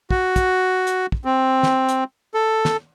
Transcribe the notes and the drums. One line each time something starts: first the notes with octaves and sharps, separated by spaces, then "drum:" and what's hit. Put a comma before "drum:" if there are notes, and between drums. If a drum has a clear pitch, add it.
F#4, drum: kick
drum: kick, hi-hat
drum: hi-hat
drum: kick
C4
drum: snare
drum: hi-hat
A4
drum: snare